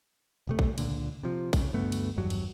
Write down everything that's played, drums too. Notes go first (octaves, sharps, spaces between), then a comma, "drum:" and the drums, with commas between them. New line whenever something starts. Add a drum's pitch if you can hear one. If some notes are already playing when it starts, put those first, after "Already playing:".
E1 C3 A3
drum: kick
C#2 A#2 D3, drum: cymbal
C3 F3
C2 C#3, drum: kick, cymbal
D2 G2 A3 B3
drum: cymbal
G#1 E2 G2 F#3
drum: cymbal